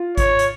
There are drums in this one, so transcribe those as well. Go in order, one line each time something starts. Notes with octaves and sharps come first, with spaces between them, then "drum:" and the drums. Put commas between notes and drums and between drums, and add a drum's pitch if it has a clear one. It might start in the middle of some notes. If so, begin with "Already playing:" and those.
Already playing: F4
C#5, drum: kick G#1, hi-hat
drum: hi-hat